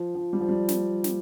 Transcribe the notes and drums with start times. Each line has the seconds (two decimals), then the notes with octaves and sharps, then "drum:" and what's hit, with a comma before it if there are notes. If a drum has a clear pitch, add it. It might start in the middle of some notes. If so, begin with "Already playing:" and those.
Already playing: F3
0.15 F3
0.33 G3
0.41 F3
0.49 G3
0.69 drum: snare
1.04 drum: snare